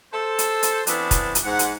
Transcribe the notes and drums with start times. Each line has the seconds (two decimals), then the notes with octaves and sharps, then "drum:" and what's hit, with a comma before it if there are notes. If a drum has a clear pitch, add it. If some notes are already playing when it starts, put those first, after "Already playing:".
0.12 A4 C5
0.39 drum: hi-hat
0.63 drum: hi-hat
0.87 E3 B3 C4 D4, drum: hi-hat
1.11 drum: kick, hi-hat
1.35 drum: hi-hat
1.44 G#2 F#5
1.59 drum: hi-hat